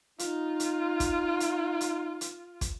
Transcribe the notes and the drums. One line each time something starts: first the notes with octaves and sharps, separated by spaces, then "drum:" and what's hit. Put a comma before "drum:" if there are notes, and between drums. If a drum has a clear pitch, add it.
D#4 F4, drum: hi-hat
drum: hi-hat
drum: kick, hi-hat
drum: hi-hat
drum: hi-hat
drum: hi-hat
drum: kick, hi-hat